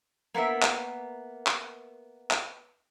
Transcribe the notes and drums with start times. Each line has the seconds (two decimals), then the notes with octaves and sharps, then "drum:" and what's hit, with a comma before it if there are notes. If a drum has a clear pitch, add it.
0.34 A#3 B3 A#4 E5
0.62 drum: clap
1.47 drum: clap
2.31 drum: clap